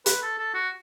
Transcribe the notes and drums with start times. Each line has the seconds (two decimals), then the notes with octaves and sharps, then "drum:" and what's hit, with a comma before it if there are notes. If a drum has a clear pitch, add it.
0.06 B4, drum: hi-hat
0.22 A4
0.38 A4
0.54 F#4